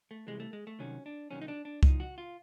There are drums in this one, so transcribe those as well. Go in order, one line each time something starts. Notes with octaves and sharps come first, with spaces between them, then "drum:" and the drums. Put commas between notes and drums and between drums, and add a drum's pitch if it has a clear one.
A3
C2 C3 E3 G3 G#3
A3
G#3
A3
C2 C3 D#3 F#3 C#4
D4
C2 C3 D#3 F#3 C#4
D#4
D4
D4
B1 A2 F3 D#4, drum: kick C2
F#4
F4